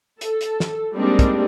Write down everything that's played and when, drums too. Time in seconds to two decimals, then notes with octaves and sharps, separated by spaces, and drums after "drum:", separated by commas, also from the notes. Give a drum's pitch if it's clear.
0.21 A4, drum: hi-hat
0.41 drum: hi-hat
0.60 drum: snare
0.94 G3 G#3 A#3 C4 D4 D#4
1.19 drum: kick, hi-hat